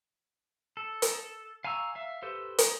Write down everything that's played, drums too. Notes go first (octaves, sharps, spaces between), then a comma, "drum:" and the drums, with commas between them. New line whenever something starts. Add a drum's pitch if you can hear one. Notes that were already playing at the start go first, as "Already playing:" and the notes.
A4
drum: hi-hat
F5 G#5 A#5 C#6 E6
E5 F5
G4 A4 B4 C5
drum: hi-hat